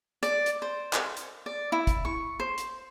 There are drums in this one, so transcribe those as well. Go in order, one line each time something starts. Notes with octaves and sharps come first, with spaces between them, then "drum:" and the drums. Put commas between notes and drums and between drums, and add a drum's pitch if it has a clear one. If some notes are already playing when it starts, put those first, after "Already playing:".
D5, drum: hi-hat
drum: hi-hat
C5
drum: clap
drum: hi-hat
D5
E4
drum: kick, hi-hat
C#6
C5
drum: hi-hat